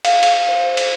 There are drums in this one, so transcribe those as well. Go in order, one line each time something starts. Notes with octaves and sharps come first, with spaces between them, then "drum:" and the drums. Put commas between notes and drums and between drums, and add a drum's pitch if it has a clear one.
F5, drum: cymbal
drum: cymbal
C5
drum: cymbal